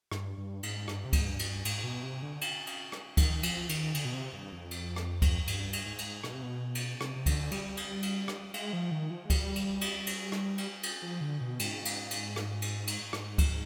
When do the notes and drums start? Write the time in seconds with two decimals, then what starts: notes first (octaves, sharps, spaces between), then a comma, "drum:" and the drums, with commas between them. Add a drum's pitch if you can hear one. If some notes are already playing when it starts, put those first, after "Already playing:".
0.12 G2, drum: rim click
0.38 G2
0.63 G#2, drum: cymbal
0.88 G2, drum: rim click
1.05 C3
1.13 B2, drum: kick C#2, cymbal
1.20 G#2
1.27 G2
1.39 drum: cymbal
1.65 G#2, drum: cymbal
1.84 B2
2.03 C3
2.22 D3
2.41 drum: cymbal
2.67 drum: cymbal
2.92 drum: rim click
3.17 D#3, drum: kick C#2, cymbal
3.43 F3, drum: cymbal
3.69 D#3, drum: cymbal
3.94 D3, drum: cymbal
4.05 B2
4.14 C3
4.33 G2
4.52 F2
4.71 drum: cymbal
4.96 drum: rim click
5.22 drum: kick C#2, cymbal
5.47 G2, drum: cymbal
5.73 drum: cymbal
5.86 G#2
5.98 drum: cymbal
6.24 B2, drum: rim click
6.34 C3
6.43 B2
6.75 drum: cymbal
7.01 C3, drum: rim click
7.16 C3
7.26 D3, drum: kick C#2, cymbal
7.51 G3, drum: cymbal
7.77 drum: cymbal
8.03 drum: cymbal
8.28 drum: rim click
8.54 G#3, drum: cymbal
8.73 F3
8.91 D#3
9.10 F3
9.25 G#3
9.30 G3, drum: kick C#2, cymbal
9.56 drum: cymbal
9.81 drum: cymbal
10.07 drum: cymbal
10.32 drum: rim click
10.58 drum: cymbal
10.83 drum: cymbal
11.02 F3
11.21 D3
11.41 B2
11.60 G#2, drum: cymbal
11.85 drum: cymbal
12.11 drum: cymbal
12.36 drum: rim click
12.62 drum: cymbal
12.87 drum: cymbal
13.13 G#2, drum: rim click
13.38 drum: kick C#2, cymbal